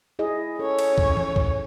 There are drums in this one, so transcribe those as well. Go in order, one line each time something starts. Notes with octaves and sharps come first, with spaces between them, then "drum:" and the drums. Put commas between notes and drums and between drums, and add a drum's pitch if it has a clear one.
E4 G#4 D#5
C#4 A4 C#5
drum: cymbal
drum: kick
drum: tom E3
drum: kick